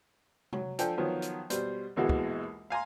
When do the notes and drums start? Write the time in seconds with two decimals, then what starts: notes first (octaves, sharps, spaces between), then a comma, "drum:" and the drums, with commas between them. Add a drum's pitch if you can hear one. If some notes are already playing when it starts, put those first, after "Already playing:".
0.53 F#3, drum: tom C3
0.79 F3 D4 A4 G5 G#5, drum: hi-hat
0.98 D#3 F3 F#3 B3
1.22 drum: hi-hat
1.50 B2 G3 C5, drum: hi-hat
1.96 A#1 D#2 B2 E3 G#3 F#4
2.09 drum: kick
2.70 F5 G#5 A#5 C6